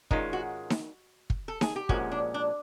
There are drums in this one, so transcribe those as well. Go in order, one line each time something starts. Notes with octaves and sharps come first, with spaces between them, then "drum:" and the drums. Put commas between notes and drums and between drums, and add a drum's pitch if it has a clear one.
G#2 D#3 G#3 C#4 D#4 F4, drum: kick
F#4
drum: snare D#4
drum: kick
A4
G#4, drum: snare D#4
G4
A#1 A#2 F3 G#3 C#4 F#4, drum: kick
D4
D4